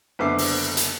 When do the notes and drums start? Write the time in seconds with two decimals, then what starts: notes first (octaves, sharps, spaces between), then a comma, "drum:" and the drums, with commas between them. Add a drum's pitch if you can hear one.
0.19 F#1 D3 B3 E5 D6 C7
0.38 drum: open hi-hat
0.77 drum: hi-hat